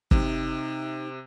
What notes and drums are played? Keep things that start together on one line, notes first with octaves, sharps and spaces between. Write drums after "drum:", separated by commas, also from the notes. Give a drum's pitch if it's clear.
C3 D#4, drum: kick